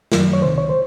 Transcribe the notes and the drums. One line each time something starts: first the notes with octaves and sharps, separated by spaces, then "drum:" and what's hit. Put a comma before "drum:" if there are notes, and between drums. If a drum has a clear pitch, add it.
F#2 D#3 F#3, drum: snare
C#5
C#2 C3 D#3 C5
C#5
C5